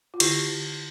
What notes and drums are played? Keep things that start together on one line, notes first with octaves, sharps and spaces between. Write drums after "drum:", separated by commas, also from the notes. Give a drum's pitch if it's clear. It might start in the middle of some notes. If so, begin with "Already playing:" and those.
F4
D3 E4 G4, drum: cymbal
D3